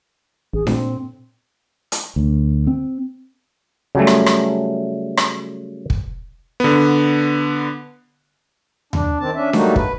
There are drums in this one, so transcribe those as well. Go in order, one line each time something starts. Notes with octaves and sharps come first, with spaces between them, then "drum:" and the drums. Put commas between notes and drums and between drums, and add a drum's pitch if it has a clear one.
A1 G#4
A#2 C4, drum: snare D4
drum: hi-hat
D2
C4
C#3 F#3 G3 A3
drum: rim click
drum: rim click
drum: rim click
drum: kick
D3 B3
D4, drum: tom D#2
D#3 C4 A5
C#4 D4 E5
F#3 G3 A3 A#3 D#4 F#4, drum: snare D4
B4, drum: kick